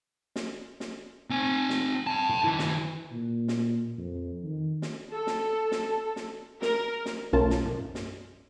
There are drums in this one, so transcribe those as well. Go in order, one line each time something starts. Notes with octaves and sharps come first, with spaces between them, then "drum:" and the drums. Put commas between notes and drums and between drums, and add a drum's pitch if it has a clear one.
drum: snare
drum: snare
C4 G#5
drum: snare
G5 A5
drum: tom
D#3 E4
drum: snare
A#2
drum: snare
F2
D#3
drum: snare
A4
drum: snare
drum: snare
drum: snare
A#4, drum: snare
drum: snare
B1 A3 C#4 F4 A#4 A5
drum: snare
drum: tom
drum: snare